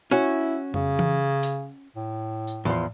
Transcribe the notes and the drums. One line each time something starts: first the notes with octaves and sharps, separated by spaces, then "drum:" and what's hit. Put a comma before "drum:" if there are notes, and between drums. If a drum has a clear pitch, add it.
C#4 E4 F#4, drum: rim click
C#3, drum: tom F2
drum: tom E3
drum: open hi-hat
A2
drum: tambourine
E2 F3, drum: tom A2